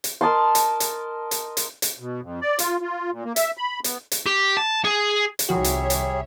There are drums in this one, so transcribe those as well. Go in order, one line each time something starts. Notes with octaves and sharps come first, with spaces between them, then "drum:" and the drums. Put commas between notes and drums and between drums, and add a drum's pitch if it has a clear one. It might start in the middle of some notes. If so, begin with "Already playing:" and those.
drum: hi-hat
A#4 D#5 A5 C6
drum: hi-hat
drum: hi-hat
drum: hi-hat
drum: hi-hat
drum: hi-hat
B2
F2
D5
F4, drum: hi-hat
F4
A#2
A#3
E5, drum: hi-hat
B5
B3, drum: hi-hat
drum: hi-hat
G4
A5
G#4
drum: hi-hat
C2 D#3 F3 G3 F#4 G#4 C#5 E5
drum: hi-hat
drum: hi-hat